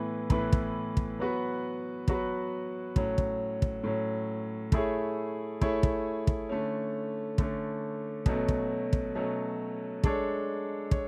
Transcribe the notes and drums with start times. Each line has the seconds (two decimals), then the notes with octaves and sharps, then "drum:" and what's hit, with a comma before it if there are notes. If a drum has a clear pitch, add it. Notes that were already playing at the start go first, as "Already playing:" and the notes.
Already playing: A2 E3 B3 E4 B4
0.30 A2 E3 B3 E4 B4, drum: kick
0.52 drum: kick
0.97 drum: kick
1.19 F#3 B3 F#4 B4
2.08 F#3 B3 F#4 B4, drum: kick
2.96 A2 F#3 C#4, drum: kick
3.18 drum: kick
3.62 drum: kick
3.84 A2 F#3 C#4
4.72 A3 E4 G#4 C#5, drum: kick
5.61 A3 E4 G#4 C#5, drum: kick
5.83 drum: kick
6.27 drum: kick
6.49 D3 A3 C#4
7.38 D3 A3 C#4, drum: kick
8.26 B2 F#3 A3 C#4, drum: kick
8.48 drum: kick
8.93 drum: kick
9.15 B2 F#3 A3 C#4
10.04 G#3 D4 A4 C#5, drum: kick
10.91 C#5, drum: kick